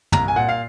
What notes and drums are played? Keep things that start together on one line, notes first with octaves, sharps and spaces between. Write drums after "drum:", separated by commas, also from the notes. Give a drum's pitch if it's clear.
C2 A#5, drum: tom
G#5
A#2 F#5
F5